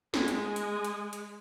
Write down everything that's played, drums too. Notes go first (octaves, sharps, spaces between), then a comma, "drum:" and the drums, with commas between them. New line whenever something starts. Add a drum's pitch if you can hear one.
G#3, drum: snare
drum: hi-hat
drum: hi-hat
drum: hi-hat
drum: hi-hat